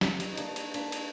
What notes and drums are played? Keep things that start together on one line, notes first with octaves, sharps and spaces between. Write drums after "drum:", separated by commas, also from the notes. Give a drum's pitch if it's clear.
G3 A#3, drum: snare
drum: cymbal
D#4
A#3 D4, drum: cymbal
drum: cymbal
A#3 D4, drum: cymbal
drum: cymbal